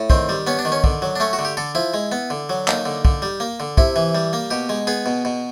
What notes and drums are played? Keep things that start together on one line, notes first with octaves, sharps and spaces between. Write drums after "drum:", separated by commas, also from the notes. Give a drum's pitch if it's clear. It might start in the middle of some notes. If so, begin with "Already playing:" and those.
Already playing: A2
D#3 C4, drum: kick
G3
B3 C#4
D4
D#3
C#4
D3, drum: kick
F#3
D4
A3 C#4
F#4
D3
G4
D3 A4
F3 E4
G#3
B3
D3
F#3
A#3 D#4, drum: clap
D3
D3, drum: kick
G3
A#3
D3
C3 E4, drum: kick
E3
G3
A#3
B2 G4
G#3
B3 G#4
B2
B2